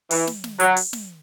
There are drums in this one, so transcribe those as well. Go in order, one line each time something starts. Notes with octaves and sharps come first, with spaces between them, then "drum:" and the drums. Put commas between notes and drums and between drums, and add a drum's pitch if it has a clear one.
E3, drum: open hi-hat
drum: snare
drum: snare
F#3, drum: hi-hat
drum: open hi-hat
drum: snare